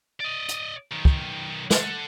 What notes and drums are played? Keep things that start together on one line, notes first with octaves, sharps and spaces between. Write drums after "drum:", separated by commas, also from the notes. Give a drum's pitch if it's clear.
D5 D#5
drum: hi-hat
B1 D#3
drum: kick
A4 F#5, drum: snare